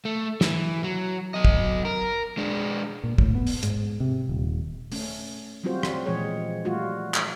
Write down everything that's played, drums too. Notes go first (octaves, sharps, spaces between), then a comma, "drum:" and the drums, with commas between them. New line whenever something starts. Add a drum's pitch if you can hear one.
A3
E3, drum: snare
F#3
F#3 D#5
drum: kick
A#4
G#3 D4
A#2
A2, drum: kick
B3
drum: open hi-hat
G#2, drum: hi-hat
C3
D#1
A3 C#4, drum: open hi-hat
F#3 G3 C4 F4 F#4 C5
drum: rim click
A#2 E3 F3 G#3 G#4 C#5
G3 A3 F4 F#4
drum: clap